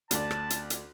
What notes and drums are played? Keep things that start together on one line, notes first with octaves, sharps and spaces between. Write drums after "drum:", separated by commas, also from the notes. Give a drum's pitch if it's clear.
D2 D3 D5 A5, drum: hi-hat
drum: rim click
drum: hi-hat
drum: hi-hat